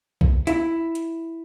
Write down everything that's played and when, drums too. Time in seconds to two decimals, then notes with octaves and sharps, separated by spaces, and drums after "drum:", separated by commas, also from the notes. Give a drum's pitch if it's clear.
0.21 drum: kick A#1
0.47 E4, drum: hi-hat
0.95 drum: hi-hat